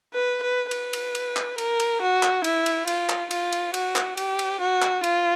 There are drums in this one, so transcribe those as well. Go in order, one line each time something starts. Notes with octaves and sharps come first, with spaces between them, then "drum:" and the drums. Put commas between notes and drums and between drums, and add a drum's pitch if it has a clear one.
B4
B4
B4, drum: cymbal
drum: cymbal
drum: cymbal
drum: clap
A#4, drum: cymbal
drum: cymbal
F#4
drum: clap
E4, drum: cymbal
drum: cymbal
F4, drum: cymbal
drum: clap
F4, drum: cymbal
drum: cymbal
F#4, drum: cymbal
drum: clap
G4, drum: cymbal
drum: cymbal
F#4
drum: clap
F4, drum: cymbal